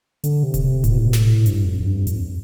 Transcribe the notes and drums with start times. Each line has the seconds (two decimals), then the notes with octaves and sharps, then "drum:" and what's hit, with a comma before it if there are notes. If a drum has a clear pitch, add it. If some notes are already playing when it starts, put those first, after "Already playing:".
0.24 D3, drum: hi-hat
0.43 C3
0.54 drum: kick D1, hi-hat
0.64 C3
0.84 A2, drum: kick D1, hi-hat
0.91 B2
0.98 A2
1.06 B2
1.13 A2, drum: snare
1.46 G2, drum: hi-hat
1.65 F2
1.80 F2
1.86 G2
2.07 F2, drum: hi-hat